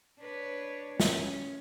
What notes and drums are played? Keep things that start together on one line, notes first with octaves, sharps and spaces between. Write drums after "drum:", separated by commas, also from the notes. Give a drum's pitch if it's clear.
D4 B4 C#5
C#4, drum: snare